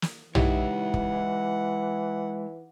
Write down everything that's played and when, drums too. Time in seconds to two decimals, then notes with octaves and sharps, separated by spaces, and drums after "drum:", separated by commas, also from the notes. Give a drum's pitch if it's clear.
0.02 drum: snare
0.35 E3 G#3 D#4 E4 G4 C#5 F#5, drum: tom
0.94 drum: kick